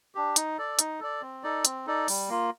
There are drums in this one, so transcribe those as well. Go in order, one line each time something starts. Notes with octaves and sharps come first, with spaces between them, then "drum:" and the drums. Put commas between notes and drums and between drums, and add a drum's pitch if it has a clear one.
D4 G4
D#4, drum: hi-hat
A4 D5
D#4, drum: hi-hat
A4 D5
C4
D#4 A4 D5
C4, drum: hi-hat
D#4 A4 D5
G3, drum: open hi-hat
A#3 F4